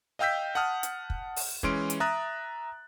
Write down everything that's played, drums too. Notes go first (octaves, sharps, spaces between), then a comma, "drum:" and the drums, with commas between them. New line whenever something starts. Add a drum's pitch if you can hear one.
D#5 F5 G5 E6 G6 B6
F#5 A5 D#6 F6
drum: hi-hat
drum: kick
drum: open hi-hat
E3 G#3 C#4 C6 D7, drum: kick
drum: hi-hat
E5 A#5 D#6 F#6 A6